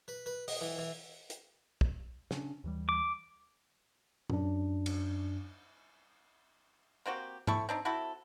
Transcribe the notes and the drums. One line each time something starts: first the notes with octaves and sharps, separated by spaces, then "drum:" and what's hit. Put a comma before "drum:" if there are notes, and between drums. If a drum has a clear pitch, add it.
B4
B4
D#5, drum: open hi-hat
E3
E3
drum: hi-hat
drum: kick
C#3 C#4 D4, drum: snare
D#2 E3 G3
D6
F#2 D4, drum: tom A2
drum: cymbal
A#3 C4 F#4 G4
C4 E4 A4 C#6, drum: tom G#2
C4 D4 D#4
C4 E4 F#4 A4